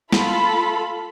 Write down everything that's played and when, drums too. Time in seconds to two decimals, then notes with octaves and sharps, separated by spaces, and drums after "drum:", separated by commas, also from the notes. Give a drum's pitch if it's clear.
0.13 F4 A4 B5, drum: snare